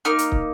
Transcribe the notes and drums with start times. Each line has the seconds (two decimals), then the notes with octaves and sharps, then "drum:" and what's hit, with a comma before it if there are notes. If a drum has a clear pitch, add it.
0.05 A#3 D#4 F6
0.18 drum: hi-hat
0.32 drum: kick